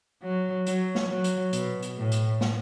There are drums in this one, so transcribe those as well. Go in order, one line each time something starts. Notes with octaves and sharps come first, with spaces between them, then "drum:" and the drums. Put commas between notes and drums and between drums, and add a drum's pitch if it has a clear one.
F#3
F#3, drum: hi-hat
drum: snare
F#3
drum: hi-hat
B2, drum: hi-hat
drum: hi-hat
A2
drum: hi-hat
drum: snare